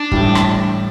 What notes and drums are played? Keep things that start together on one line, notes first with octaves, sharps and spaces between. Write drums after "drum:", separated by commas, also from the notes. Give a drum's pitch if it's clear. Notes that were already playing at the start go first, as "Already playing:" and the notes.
Already playing: D4
A2 E3 G3, drum: kick
drum: rim click